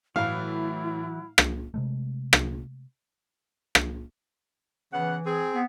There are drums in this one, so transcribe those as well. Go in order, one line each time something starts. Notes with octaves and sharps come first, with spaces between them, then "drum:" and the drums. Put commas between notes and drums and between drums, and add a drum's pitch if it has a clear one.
A2 E3 F#3 A3 E4 F5
drum: rim click
C3 G#3 A3
drum: rim click
drum: rim click
C#3 E3 B3 F#5
C4 G#4
B3